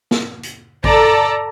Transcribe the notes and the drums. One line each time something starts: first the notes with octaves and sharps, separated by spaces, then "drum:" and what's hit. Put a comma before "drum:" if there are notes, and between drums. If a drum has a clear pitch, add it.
drum: snare
drum: hi-hat
A4 D5 A#5, drum: kick A1